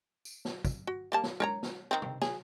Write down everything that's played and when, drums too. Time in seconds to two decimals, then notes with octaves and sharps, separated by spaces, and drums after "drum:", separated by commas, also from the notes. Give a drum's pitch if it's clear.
0.25 drum: tambourine
0.45 drum: snare
0.65 drum: kick, tambourine
0.87 F#4
1.12 G3 A#3 A5
1.23 drum: snare
1.40 A#4 C#5 A#5, drum: tom G#3
1.63 drum: snare
1.91 D#3 C4
2.02 drum: tom
2.22 G#4, drum: snare